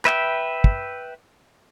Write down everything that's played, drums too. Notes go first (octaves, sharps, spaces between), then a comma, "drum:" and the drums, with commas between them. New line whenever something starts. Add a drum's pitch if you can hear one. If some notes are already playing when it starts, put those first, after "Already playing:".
B4 E5 G5, drum: clap
drum: kick